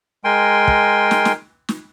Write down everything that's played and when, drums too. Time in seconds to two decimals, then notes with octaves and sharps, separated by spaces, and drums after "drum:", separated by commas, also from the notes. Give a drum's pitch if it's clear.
0.24 G#3 A#4 G5 G#5 C6
0.68 drum: kick
1.11 drum: snare
1.25 drum: snare
1.69 drum: snare